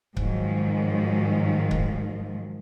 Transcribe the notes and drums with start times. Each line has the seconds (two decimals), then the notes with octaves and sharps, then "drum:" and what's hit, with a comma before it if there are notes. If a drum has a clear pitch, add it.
0.17 G#2 D#3 F3 F#3 G#3, drum: kick C#1
1.71 drum: kick C#1